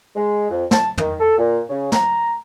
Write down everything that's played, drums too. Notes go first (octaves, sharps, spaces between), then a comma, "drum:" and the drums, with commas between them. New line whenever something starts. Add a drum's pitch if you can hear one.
G#3
F2
A5, drum: snare
D#3, drum: tom
A4
A#2
C#3
A#5, drum: snare